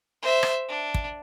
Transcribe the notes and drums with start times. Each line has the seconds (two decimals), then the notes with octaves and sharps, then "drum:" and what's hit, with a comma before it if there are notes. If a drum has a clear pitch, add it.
0.22 C5 E5
0.43 drum: rim click
0.69 D4
0.94 drum: kick